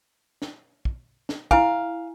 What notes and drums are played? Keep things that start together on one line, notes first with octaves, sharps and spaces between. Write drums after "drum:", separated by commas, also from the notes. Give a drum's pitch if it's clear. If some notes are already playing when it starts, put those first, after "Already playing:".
drum: snare
drum: kick
drum: snare
E4 F5 G#5, drum: kick